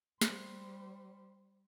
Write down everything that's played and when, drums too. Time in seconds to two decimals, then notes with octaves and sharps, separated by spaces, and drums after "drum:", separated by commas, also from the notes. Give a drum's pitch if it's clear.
0.21 G3 C5, drum: snare